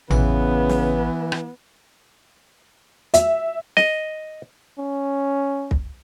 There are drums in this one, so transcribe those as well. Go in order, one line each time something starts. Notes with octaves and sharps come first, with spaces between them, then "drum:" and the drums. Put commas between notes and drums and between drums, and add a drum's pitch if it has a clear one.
A1 C#3 E3 B3, drum: tom A1
drum: snare
drum: rim click
E5, drum: hi-hat
D#5, drum: snare
C#4
drum: kick